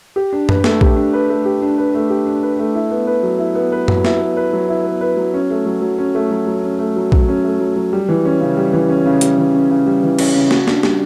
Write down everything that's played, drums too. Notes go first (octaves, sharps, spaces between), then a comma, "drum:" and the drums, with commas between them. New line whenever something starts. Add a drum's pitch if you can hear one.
G4
D4
B4, drum: tom F#2
A3, drum: snare
G4, drum: kick
D4
B4
A3
G4
D4
B4
A3
G4
D4
B4
A3
E4
B3
B4
F#3
E4
B3
B4
F#3, drum: tom F#2
E4, drum: snare
B3
B4
F#3
E4
B3
B4
F#3
C#4
A3
F#3
F#3
C#4
A3
F#3
F#3
C#4
A3
F#3
F#3, drum: kick
C#4
A3
F#3
F#3
G3
E3
C#4
C#3
G3
E3
C#4
C#3
G3, drum: hi-hat
E3
C#4
C#3
G3
E3
C#4, drum: cymbal
C#3
F#4, drum: snare
D4, drum: snare
G3, drum: snare